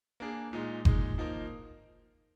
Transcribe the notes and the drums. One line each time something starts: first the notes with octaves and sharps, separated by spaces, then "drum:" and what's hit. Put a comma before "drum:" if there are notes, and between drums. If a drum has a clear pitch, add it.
A#3 D4 G#4
A#2 G#3 D#4
A#2 G#3 D#4, drum: kick F#1
F3 A#3 D#4 A#4